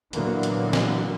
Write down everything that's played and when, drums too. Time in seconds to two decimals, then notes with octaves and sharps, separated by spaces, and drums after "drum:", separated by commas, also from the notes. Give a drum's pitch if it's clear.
0.13 A#2 D3 E3 F#3 A#3 B3, drum: hi-hat
0.43 drum: hi-hat
0.73 drum: snare